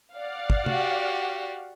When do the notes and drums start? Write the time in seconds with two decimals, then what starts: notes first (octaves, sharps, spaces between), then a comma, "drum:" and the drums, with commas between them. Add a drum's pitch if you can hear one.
0.15 D5 F5 F#5
0.50 drum: kick
0.66 F#4 G4, drum: tom C3